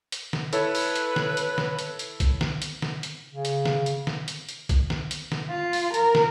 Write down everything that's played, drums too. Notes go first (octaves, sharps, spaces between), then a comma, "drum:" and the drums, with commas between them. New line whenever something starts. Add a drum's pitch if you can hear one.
drum: hi-hat
drum: snare
E4 A4 B4 C#5, drum: hi-hat
drum: open hi-hat
drum: hi-hat
drum: snare
drum: hi-hat
drum: snare
drum: hi-hat
drum: hi-hat
drum: kick, hi-hat
drum: snare
drum: hi-hat
drum: snare
drum: hi-hat
C#3
drum: hi-hat
drum: snare
drum: hi-hat
drum: snare
drum: hi-hat
drum: hi-hat
drum: kick, hi-hat
drum: snare
drum: hi-hat
drum: snare
F4
drum: open hi-hat
A#4, drum: hi-hat
drum: snare